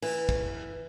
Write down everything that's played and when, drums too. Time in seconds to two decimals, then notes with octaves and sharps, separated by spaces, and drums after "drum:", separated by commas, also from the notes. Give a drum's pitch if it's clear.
0.02 E3, drum: cymbal
0.29 drum: kick